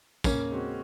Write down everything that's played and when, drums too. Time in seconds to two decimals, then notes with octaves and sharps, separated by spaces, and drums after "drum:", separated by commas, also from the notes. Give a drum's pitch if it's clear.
0.24 C#3 A#3 C#4, drum: kick, tambourine
0.51 G#3 C4 F#4